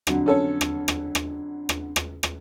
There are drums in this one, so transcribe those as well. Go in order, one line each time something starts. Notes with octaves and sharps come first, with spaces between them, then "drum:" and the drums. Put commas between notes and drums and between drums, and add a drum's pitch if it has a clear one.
F2 D3 F#3, drum: rim click
C#4 A4 C#5
drum: rim click
drum: rim click
drum: rim click
drum: rim click
drum: rim click
drum: rim click